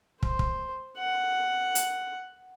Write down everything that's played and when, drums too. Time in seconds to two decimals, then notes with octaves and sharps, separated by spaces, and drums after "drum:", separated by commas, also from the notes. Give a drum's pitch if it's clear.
0.23 C5, drum: kick
0.39 drum: kick
0.98 F#5
1.75 drum: hi-hat